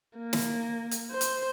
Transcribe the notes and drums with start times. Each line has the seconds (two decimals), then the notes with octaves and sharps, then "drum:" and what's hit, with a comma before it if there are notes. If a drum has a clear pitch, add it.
0.18 A#3
0.33 drum: snare
0.91 drum: hi-hat
1.12 C5
1.21 drum: hi-hat